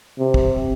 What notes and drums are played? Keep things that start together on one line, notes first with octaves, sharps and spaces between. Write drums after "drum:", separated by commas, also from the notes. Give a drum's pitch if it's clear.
C3
drum: kick